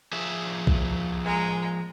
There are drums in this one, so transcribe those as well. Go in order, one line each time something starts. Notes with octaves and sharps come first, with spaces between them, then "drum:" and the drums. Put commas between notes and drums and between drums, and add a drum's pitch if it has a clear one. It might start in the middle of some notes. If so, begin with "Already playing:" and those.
F3 G#4 E5
drum: kick B1
G#3 A#5